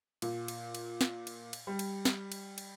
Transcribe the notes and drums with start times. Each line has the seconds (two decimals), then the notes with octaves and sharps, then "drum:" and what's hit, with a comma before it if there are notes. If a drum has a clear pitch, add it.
0.22 A#2, drum: cymbal
0.48 drum: cymbal
0.75 drum: cymbal
1.01 drum: snare
1.27 drum: cymbal
1.53 drum: cymbal
1.67 G3
1.79 drum: cymbal
2.05 drum: snare
2.32 drum: cymbal
2.58 drum: cymbal